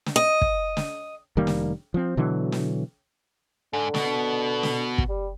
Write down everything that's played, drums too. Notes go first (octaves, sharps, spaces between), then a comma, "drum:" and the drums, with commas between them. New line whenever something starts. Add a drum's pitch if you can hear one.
drum: snare
D#5
drum: kick
drum: snare
F1 D#3 G3 A#3
drum: snare
F3 C4
B2 D3 E3 F#3
drum: snare
G#2 D3
B2 B3, drum: snare
drum: snare
drum: kick
G3